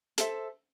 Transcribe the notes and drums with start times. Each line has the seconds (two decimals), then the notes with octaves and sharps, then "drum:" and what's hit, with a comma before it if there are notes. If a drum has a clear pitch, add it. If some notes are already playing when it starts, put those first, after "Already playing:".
0.18 A4 C5 E5, drum: hi-hat